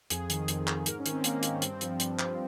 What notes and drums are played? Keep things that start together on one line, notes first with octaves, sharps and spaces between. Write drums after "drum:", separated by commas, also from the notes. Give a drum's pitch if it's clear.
F2 G#4, drum: hi-hat
D#3, drum: hi-hat
F2, drum: hi-hat
D#3, drum: clap
G#2 A#4, drum: hi-hat
C#4
D#3, drum: hi-hat
C4
G#2 A#3, drum: hi-hat
D#3, drum: hi-hat
G2 C4, drum: hi-hat
F3, drum: hi-hat
G2, drum: hi-hat
F3, drum: clap